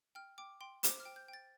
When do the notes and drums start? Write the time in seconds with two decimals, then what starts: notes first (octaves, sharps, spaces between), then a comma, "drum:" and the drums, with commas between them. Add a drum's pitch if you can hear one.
0.15 G5 F6
0.38 G5 D6
0.61 G5 C6
0.83 C5 D6, drum: hi-hat
1.00 F6
1.05 G5
1.16 G6
1.28 G5 A6